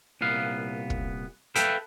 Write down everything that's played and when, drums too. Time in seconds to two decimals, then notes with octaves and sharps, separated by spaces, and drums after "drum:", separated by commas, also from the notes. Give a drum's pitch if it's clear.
0.21 C2 A#2 B3 F5
0.90 drum: kick
1.55 A4 B4 E5 F5 G5, drum: hi-hat